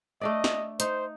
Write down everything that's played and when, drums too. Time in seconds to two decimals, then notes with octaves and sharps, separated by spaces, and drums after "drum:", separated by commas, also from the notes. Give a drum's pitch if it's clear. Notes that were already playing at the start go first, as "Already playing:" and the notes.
0.21 A3 D4 D5 D#5
0.44 drum: snare
0.80 D#4 C5, drum: hi-hat